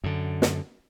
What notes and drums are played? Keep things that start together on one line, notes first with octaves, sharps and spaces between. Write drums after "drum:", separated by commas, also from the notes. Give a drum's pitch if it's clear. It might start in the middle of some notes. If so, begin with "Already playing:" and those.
F#2 D3
drum: snare